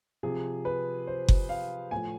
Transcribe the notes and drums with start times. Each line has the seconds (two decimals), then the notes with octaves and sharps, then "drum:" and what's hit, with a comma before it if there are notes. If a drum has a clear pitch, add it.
0.23 C3 F3 G#4
0.65 B4
1.07 C5
1.28 drum: kick F#1
1.49 F5
1.91 A2 F3 G#5